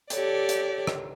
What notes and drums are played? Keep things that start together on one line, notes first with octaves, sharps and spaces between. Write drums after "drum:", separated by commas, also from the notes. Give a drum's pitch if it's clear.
G4 A4 C#5 D5, drum: hi-hat
drum: hi-hat
drum: rim click